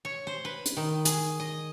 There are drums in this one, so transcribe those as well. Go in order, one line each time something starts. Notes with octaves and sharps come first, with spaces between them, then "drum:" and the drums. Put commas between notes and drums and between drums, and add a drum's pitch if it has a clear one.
C#5
C5
B4
drum: hi-hat
D#3
G#4, drum: hi-hat
D#5